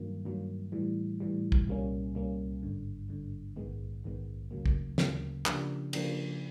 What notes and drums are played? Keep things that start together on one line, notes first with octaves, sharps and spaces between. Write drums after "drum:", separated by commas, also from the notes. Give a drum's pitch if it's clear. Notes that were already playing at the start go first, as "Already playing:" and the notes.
Already playing: G2 D#3 F#3 A#3
G2 D#3 F#3 A#3
A2 E3 G3
A2 E3 G3
drum: kick
C2 A#2 G3 A#3 C#4
C2 A#2 G3 A#3 C#4
G#1 G2 D3
G#1 G2 D3
A#1 G#2 D#3 G#3 B3
A#1 G#2 D#3 G#3 B3
D2 C#3 F#3 A#3
drum: kick
D2 C#3 F#3 A#3, drum: snare
C#3 F3 A#3 D4 G4, drum: clap
C#3 F3 A#3 D4 G4, drum: cymbal